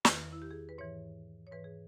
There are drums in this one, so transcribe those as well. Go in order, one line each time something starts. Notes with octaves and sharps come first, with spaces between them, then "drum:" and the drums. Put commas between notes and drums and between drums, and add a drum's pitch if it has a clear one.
E2 D#3 B4, drum: snare
E4
G4
G#4
B4
G#2 E3 C#5
C#5
G#2 E3 B4
G#4